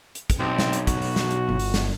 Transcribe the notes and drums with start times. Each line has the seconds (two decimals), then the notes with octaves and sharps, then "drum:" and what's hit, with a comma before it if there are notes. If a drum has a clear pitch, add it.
0.15 drum: hi-hat
0.30 drum: kick, hi-hat
0.40 B1 C4
0.58 drum: snare
0.73 drum: hi-hat
0.87 F#4, drum: kick, hi-hat
1.02 drum: open hi-hat
1.16 drum: snare
1.31 drum: hi-hat
1.49 G1
1.59 drum: open hi-hat
1.74 drum: snare